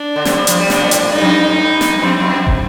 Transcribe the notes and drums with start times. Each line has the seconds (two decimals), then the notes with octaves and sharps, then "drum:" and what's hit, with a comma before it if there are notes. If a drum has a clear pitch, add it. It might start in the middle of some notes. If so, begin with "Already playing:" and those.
Already playing: D4
0.16 D3
0.25 C3, drum: snare
0.36 G2
0.47 F3, drum: hi-hat
0.59 G3
0.70 C3 D4, drum: snare
0.80 A#2
0.91 A2, drum: hi-hat
1.02 A2
1.12 G2 D#4
1.21 F2
1.31 G2
1.49 A2
1.58 G2
1.81 G2, drum: snare
2.02 F2 C4
2.20 F2
2.47 drum: kick